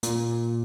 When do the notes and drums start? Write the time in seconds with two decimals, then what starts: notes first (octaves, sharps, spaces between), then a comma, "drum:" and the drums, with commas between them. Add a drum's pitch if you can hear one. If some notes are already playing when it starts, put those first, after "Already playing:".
0.03 A#2, drum: hi-hat